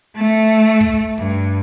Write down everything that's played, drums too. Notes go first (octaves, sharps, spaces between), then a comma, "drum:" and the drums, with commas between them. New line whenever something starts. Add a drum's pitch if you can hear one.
A3
drum: hi-hat
drum: kick, hi-hat
G2, drum: hi-hat